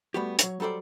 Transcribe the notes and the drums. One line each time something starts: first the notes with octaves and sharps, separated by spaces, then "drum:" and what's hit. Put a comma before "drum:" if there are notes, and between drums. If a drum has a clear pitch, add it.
G3 A3 B3 F#4 G4
F#3 C#5, drum: hi-hat
F#3 G3 A4 C5 D5